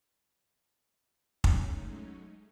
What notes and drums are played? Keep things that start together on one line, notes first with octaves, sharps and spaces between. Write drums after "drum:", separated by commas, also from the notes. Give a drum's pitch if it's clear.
F#3 G#3 A3 C#4 D#4, drum: kick